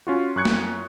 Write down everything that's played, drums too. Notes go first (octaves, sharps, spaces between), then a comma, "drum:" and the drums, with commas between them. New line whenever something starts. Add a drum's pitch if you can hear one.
C#4 F4 F#4
F#2 C#6 F#6 G#6 C#7
drum: snare